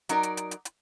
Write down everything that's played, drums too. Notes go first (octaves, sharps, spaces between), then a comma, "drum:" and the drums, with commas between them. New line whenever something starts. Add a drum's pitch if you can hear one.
F#3 D#4 A#4 D5, drum: hi-hat
drum: hi-hat
drum: hi-hat
drum: hi-hat
drum: hi-hat